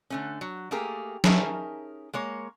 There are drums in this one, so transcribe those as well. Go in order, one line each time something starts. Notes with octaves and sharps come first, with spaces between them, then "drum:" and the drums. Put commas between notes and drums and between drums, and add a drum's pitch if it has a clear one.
D3 A3 C#4
F#3
A3 A#3 G4 G#4 A#4
C#4 D#4 G#4 A#4 E5 A5, drum: snare F#3
G#3 A#3 C#5